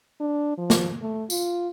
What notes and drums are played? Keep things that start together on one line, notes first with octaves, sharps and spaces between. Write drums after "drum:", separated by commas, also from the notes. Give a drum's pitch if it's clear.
D4
F3
drum: snare
A3
F4, drum: tambourine